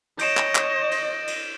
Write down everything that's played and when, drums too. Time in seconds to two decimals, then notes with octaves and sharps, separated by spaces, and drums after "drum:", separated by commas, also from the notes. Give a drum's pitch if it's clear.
0.19 C#5 D#5 G6 D7 E7, drum: cymbal
0.37 drum: clap
0.55 drum: clap
0.91 drum: cymbal
1.27 drum: cymbal